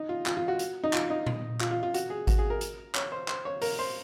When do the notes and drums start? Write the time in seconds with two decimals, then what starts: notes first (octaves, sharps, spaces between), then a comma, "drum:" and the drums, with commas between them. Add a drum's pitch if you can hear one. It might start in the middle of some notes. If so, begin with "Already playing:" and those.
Already playing: D#4
0.09 F4
0.26 F4, drum: clap
0.37 F4
0.48 F#4
0.59 drum: hi-hat
0.84 D#4
0.93 F4, drum: clap
1.10 D#4
1.26 drum: tom A#2
1.61 F4, drum: clap
1.71 F4
1.83 F4
1.94 F#4, drum: hi-hat
2.10 G#4
2.27 F#4, drum: kick G#1, hi-hat
2.38 G#4
2.50 A#4
2.61 drum: hi-hat
2.95 C#5, drum: clap
3.12 C5
3.28 C5, drum: clap
3.45 C#5
3.62 A#4, drum: open hi-hat
3.79 C5